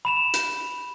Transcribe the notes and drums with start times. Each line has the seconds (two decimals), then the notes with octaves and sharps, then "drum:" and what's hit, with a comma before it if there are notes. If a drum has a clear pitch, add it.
0.05 B5 E7 F7
0.34 drum: hi-hat